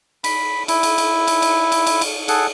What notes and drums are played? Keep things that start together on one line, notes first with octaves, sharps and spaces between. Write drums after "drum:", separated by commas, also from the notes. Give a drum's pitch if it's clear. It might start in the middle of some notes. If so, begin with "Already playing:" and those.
B5, drum: cymbal
E4, drum: cymbal
drum: cymbal
drum: cymbal
drum: cymbal
drum: cymbal
drum: cymbal
drum: cymbal
drum: cymbal
G#4 A4 F#5, drum: cymbal